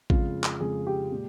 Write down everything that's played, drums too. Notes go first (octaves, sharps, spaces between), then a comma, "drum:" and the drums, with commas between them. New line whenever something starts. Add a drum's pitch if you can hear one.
F2 C#3 G#3 F4, drum: kick A1
drum: clap
F2 C#3 G#3 G#4
G4
A#2 G#3